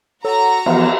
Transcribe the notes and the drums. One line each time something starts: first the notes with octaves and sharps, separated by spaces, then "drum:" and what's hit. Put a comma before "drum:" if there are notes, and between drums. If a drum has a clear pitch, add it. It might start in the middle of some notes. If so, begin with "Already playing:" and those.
F#4 A4 C#5 A#5 E6
E3 F3 B3, drum: cymbal